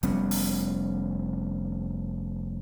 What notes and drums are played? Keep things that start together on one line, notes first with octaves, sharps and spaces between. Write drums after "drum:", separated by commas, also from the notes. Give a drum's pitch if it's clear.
F1 G3 B3 C#4, drum: hi-hat
drum: open hi-hat